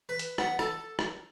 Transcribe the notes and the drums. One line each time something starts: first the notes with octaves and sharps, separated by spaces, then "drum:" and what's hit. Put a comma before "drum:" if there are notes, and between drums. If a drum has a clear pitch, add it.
B4
drum: hi-hat
B3, drum: rim click
A4, drum: rim click
drum: rim click